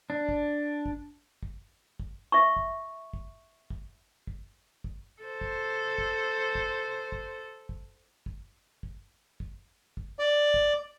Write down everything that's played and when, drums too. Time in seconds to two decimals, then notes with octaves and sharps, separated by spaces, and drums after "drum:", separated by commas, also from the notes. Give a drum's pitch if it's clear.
0.10 D4
0.29 drum: kick
0.86 drum: kick
1.43 drum: kick
2.00 drum: kick
2.32 E5 C#6
2.57 drum: kick
3.14 drum: kick
3.70 drum: kick
4.27 drum: kick
4.84 drum: kick
5.22 A4 C5
5.41 drum: kick
5.98 drum: kick
6.55 drum: kick
7.12 drum: kick
7.69 drum: kick
8.26 drum: kick
8.83 drum: kick
9.40 drum: kick
9.97 drum: kick
10.19 D5
10.54 drum: kick